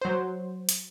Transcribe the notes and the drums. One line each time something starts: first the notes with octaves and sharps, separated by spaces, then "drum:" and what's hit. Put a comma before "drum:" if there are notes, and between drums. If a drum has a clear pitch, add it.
F#3 C5
drum: hi-hat